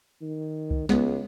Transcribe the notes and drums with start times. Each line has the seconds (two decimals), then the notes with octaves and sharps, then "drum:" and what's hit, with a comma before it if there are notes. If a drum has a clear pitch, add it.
0.22 D#3
0.71 drum: kick C2
0.89 C#2 G#3 B3, drum: snare